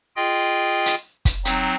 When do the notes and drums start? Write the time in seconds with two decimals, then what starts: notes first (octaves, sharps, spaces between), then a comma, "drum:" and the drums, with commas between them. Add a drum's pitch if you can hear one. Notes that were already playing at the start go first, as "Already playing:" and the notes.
0.16 F4 G#4 D#5 G5
0.86 drum: hi-hat
1.25 drum: kick, hi-hat
1.45 F#3 C4 D#4, drum: hi-hat